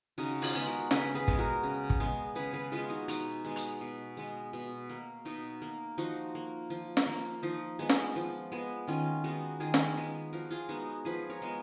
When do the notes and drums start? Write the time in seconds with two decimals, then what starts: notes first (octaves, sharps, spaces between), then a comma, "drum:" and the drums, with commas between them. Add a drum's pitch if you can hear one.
0.18 C#3 D#4 F#4
0.42 F4 G#4, drum: open hi-hat
0.54 G#3 B3
0.66 F#4 A#4
0.91 C#3 G#4 B4, drum: snare
1.15 G#4 B4
1.28 G#3 B3, drum: kick
1.39 F#4 A#4
1.63 C#3
1.90 drum: kick
2.00 G#3 B3
2.35 C#3 G#4 B4
2.54 G#4 B4
2.72 G#3 B3 F4 G#4
2.90 D#4 F#4
3.08 B2 D#4, drum: hi-hat
3.45 G#3 B3
3.56 drum: hi-hat
3.81 B2
4.17 G#3 B3
4.53 B2
4.90 A#3
5.25 B2 D#4
5.62 A#3
5.98 F3 D#4 F#4
6.35 A#3
6.70 F3
6.97 drum: snare
7.07 A#3
7.43 F3 D#4
7.79 G#3 B3
7.89 drum: snare
8.16 F3
8.52 G#3 B3
8.88 D#3 C#4 F4
9.24 G#3 B3 D#4 F#4
9.60 D#3 F4 G#4
9.74 drum: snare
9.97 G#3 B3
10.33 F3 F#4 A#4
10.51 F4 G#4
10.69 G#3 B3 D#4 F#4
11.05 F3 G#4 B4
11.29 A#4 C#5
11.42 G#3 B3